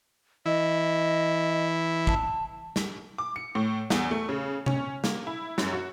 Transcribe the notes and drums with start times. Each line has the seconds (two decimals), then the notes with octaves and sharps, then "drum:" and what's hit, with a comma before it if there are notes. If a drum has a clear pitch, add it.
0.46 E3 E4 D#5
2.07 A5, drum: kick
2.76 drum: snare
3.18 D6
3.36 C#7
3.55 A2
3.90 E2, drum: snare
4.11 A3
4.29 C#3
4.66 C#4, drum: tom C3
5.04 A#3, drum: snare
5.27 E4
5.58 F#2, drum: snare
5.73 F#4